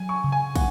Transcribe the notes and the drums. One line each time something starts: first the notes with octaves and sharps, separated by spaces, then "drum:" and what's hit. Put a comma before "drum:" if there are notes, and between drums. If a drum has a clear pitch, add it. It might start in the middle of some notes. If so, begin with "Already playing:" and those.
Already playing: F#3 G#5
C#6
C#3
G#5
A#3 F#5, drum: kick, cymbal